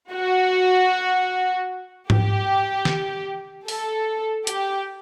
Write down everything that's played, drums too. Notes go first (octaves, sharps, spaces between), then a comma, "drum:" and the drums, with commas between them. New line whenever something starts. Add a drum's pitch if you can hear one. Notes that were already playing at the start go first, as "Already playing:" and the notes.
F#4
G4, drum: tom G#2
drum: snare
A4, drum: open hi-hat
G4, drum: hi-hat